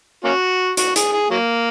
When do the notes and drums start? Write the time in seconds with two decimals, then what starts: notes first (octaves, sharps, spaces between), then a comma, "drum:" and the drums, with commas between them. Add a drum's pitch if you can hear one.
0.24 A#3 C#4 F#4
0.77 F#4, drum: hi-hat
0.96 G#4, drum: hi-hat
1.13 G#4
1.30 F#3 A#3